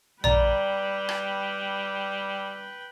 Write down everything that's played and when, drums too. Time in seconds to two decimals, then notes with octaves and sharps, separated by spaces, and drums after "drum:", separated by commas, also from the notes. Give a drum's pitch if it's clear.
0.24 G3 B4 D5 G5 A#5, drum: tom A#1
1.09 drum: rim click